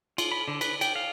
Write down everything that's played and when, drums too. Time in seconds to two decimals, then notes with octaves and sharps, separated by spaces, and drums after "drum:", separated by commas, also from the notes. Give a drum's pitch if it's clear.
0.18 F4, drum: cymbal
0.32 B5
0.48 D3
0.61 B4, drum: cymbal
0.81 G5, drum: cymbal
0.96 F5